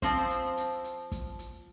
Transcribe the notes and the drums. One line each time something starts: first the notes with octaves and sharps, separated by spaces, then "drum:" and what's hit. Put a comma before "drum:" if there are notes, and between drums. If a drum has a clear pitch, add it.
F3 C4 C5, drum: kick, hi-hat
drum: hi-hat
drum: hi-hat
drum: hi-hat
drum: kick, hi-hat
drum: hi-hat